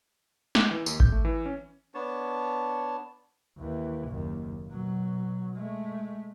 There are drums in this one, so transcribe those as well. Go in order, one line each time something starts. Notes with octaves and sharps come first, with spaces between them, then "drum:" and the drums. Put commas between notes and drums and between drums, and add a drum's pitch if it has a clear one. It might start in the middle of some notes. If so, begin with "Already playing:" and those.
D6, drum: snare
E3
D#2, drum: tambourine
G6, drum: kick G#1
A3
E3
C#4
B3 D4 C#5 A5
D#2 E3
F#1 D#2
B2 F#3
G#3 A3